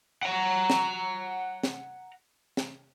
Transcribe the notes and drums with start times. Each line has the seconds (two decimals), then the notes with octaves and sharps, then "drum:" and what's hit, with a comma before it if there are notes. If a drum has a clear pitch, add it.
0.23 F#5 A#5
0.70 drum: snare
1.63 drum: snare
2.57 drum: snare